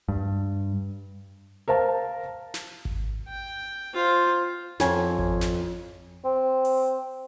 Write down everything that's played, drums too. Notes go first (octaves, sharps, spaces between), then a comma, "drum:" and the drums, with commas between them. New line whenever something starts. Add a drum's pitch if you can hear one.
G2
A#4 C5 F5 A5
drum: snare
drum: kick G#1
G5
F4 C5
F2 C#5 G#5, drum: snare
drum: kick G#1
drum: snare
C4
drum: open hi-hat